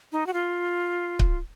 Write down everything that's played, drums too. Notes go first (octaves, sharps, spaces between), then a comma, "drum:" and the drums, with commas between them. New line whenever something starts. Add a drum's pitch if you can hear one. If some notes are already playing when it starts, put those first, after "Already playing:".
D#4
F#4
F4
drum: kick C#1